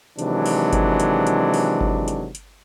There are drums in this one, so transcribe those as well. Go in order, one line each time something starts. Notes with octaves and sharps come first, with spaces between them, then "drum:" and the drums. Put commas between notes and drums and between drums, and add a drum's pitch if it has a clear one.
C3 D#3 E3 F#3 G#3 D4, drum: hi-hat
drum: open hi-hat
drum: kick G1, hi-hat
drum: hi-hat
drum: hi-hat
drum: open hi-hat
drum: kick G1
drum: hi-hat
drum: hi-hat